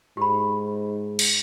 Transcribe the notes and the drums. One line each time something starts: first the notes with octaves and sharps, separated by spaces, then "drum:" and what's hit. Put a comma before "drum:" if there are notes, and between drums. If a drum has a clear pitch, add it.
G#2 G4 B5
drum: cymbal